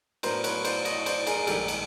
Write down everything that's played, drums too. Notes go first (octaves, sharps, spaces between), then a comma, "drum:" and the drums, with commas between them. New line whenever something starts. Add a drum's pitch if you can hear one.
A2 F#3 B3 D4 A#4 C5, drum: cymbal
B4 C#5, drum: cymbal
C5 D5, drum: cymbal
C#5 D#5, drum: cymbal
C5 D5, drum: cymbal
G#4 A#4, drum: cymbal
A#1 G#2 D#3 G3 G4 A4, drum: cymbal
drum: cymbal